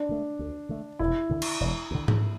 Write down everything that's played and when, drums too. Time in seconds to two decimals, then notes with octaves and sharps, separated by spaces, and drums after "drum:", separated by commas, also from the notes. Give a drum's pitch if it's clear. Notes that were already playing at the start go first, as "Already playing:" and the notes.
Already playing: D4
0.09 D3 A3
0.39 D2
0.69 D3 A3
0.99 E1 E4
1.29 D2 D3
1.42 drum: cymbal
1.60 E1
1.91 D2 D3
2.08 drum: tom G#2